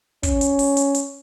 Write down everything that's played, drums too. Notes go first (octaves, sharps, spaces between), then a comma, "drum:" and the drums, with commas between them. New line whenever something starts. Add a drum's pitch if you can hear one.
C#4, drum: kick, hi-hat
drum: hi-hat
drum: open hi-hat
drum: hi-hat
drum: hi-hat